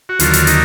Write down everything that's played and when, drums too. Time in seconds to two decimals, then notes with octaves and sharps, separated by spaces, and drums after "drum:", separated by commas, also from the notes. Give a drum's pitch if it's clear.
0.09 F#4
0.20 D#2 D3 F#3 F4, drum: hi-hat
0.34 drum: hi-hat
0.47 D#4, drum: hi-hat